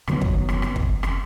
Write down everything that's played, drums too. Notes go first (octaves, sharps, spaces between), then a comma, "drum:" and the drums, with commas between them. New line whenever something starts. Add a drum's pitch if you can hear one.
F#2 D#3 F#3 B3, drum: rim click
drum: kick
drum: rim click
drum: rim click
drum: kick
drum: rim click